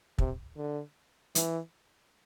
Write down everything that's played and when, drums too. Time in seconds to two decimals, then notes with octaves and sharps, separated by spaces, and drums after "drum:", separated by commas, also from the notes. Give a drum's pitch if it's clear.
0.18 C3, drum: kick
0.57 D3
1.35 E3, drum: hi-hat